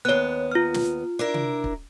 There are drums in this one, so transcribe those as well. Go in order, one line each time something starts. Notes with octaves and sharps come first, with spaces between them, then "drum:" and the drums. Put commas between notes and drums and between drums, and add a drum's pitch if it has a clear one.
D#2 B3 C#5 F#6
F4 F6
drum: snare
D4 E4 A#4
drum: tom C3
drum: kick